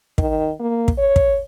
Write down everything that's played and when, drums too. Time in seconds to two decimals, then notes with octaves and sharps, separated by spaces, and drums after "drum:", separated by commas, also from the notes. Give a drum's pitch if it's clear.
0.18 D#3, drum: kick
0.60 A#3
0.88 drum: kick
0.98 C#5
1.16 drum: kick